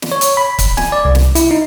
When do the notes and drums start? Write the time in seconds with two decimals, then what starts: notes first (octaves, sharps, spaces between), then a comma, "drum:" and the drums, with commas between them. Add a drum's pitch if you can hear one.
0.02 drum: snare
0.12 C#5
0.21 drum: hi-hat
0.37 B5
0.59 drum: kick C#1, hi-hat
0.77 G#5, drum: snare
0.92 D5
1.05 C2
1.15 drum: snare
1.35 E4, drum: hi-hat
1.51 D#4